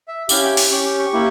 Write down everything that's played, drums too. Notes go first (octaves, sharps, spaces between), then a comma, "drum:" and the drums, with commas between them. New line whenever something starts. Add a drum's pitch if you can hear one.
E5
C#4 E4 G4 F5, drum: tambourine
G5
D6, drum: open hi-hat
C#4 G4 C#6
D6
C#6
A#3 E4 G4